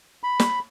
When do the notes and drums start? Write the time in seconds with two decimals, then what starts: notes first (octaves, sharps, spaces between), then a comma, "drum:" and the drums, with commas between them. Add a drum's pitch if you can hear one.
0.23 B5
0.40 drum: snare